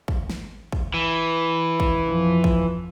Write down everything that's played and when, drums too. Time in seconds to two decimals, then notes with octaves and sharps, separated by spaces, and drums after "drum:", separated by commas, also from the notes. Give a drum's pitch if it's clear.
0.08 drum: kick
0.30 drum: snare
0.72 drum: kick
0.94 E3
1.80 drum: kick
2.07 F2 F3
2.44 drum: kick